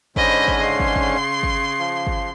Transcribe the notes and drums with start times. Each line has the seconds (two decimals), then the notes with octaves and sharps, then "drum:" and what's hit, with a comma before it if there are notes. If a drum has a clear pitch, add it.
0.16 G#2 D3 C#4 C5 D#5 B5, drum: kick
0.48 drum: kick
0.60 C#3 C6
0.80 drum: kick
0.96 drum: kick
1.43 drum: kick
1.79 F3
2.07 drum: kick